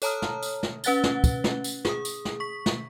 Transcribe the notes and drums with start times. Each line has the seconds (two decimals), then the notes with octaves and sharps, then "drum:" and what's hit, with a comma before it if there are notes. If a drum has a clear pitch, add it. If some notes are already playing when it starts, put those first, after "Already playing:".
0.02 A4 C#5 A5 A#5 D#6 F6, drum: tambourine
0.22 drum: snare
0.43 drum: tambourine
0.63 drum: snare
0.84 C#4 B4 F#5 F#6 A6 G7, drum: tambourine
1.03 drum: snare
1.24 drum: kick, tambourine
1.44 drum: snare
1.64 drum: tambourine
1.85 G#4 D#6, drum: snare
2.05 drum: tambourine
2.25 drum: snare
2.40 C#6 B6
2.66 drum: snare